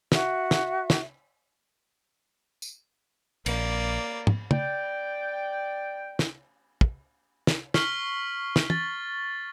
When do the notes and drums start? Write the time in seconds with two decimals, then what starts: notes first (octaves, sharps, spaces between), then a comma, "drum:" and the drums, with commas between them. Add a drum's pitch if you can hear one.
0.12 F#4 E5, drum: snare
0.51 drum: snare
0.90 drum: snare
2.62 drum: tambourine
3.46 A#1 A#3 D5, drum: cymbal
4.27 drum: tom
4.51 D5 G5, drum: tom
6.19 drum: snare
6.81 drum: kick
7.47 drum: snare
7.74 C#6 F6 B6 C7 F#7 G7, drum: snare
8.56 drum: snare
8.70 A6, drum: tom